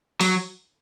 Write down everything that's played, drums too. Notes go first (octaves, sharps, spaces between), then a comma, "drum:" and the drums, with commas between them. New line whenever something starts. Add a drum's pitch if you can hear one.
F#3, drum: open hi-hat